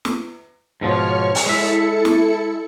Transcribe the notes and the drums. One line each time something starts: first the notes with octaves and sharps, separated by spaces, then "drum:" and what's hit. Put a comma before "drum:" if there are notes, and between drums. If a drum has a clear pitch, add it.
drum: snare
G#2 B2 F3 C#5 C#6 F6
drum: open hi-hat
G#3 E4 A4 E5 C#7
drum: snare